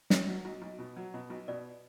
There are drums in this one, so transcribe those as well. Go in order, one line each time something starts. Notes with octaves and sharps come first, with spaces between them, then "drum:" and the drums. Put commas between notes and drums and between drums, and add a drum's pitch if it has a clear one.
B1 C#5, drum: snare
F#3
B1
B1
B2
F#3
B2
B1
B2 D5